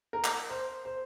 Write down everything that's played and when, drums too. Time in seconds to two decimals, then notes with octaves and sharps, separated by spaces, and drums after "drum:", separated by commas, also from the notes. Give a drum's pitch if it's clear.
0.13 A#4
0.24 drum: clap
0.50 C5
0.85 C5